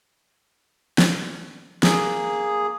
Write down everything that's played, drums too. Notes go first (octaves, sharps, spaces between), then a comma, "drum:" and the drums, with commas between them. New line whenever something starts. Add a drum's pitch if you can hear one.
drum: snare
A#3 G#4, drum: snare